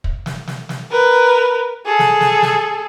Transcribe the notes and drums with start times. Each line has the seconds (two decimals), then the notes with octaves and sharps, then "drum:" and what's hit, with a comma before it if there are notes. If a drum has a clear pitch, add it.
0.04 drum: kick
0.26 drum: snare
0.47 drum: snare
0.69 drum: snare
0.91 A#4 B4
1.85 G#4 A4
1.99 drum: snare
2.21 drum: snare
2.42 drum: snare